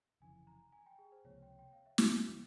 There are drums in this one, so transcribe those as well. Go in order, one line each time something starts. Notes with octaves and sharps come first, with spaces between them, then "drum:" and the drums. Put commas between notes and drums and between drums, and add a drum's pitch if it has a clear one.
F1 F2 C#3 E3 G#5
A#5
G#5
G5
G#4
C5
C#2 C3 F3 A#3 C#5
G5
G5
F5
E5
F5, drum: snare
C#3 F3 G#3